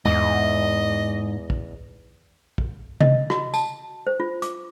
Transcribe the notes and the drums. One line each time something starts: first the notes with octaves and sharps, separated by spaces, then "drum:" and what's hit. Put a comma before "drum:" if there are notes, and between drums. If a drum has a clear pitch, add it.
E2 G#2 D#5
drum: kick
drum: kick
D#5, drum: tom C3
F#4, drum: rim click
A5, drum: tambourine
C5
F4
D6, drum: hi-hat